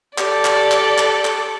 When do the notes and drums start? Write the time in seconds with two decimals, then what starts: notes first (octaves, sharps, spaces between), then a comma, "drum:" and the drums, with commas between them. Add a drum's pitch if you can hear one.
0.18 G4 A4 D5, drum: clap
0.45 drum: clap
0.72 drum: clap
0.98 drum: clap
1.25 drum: clap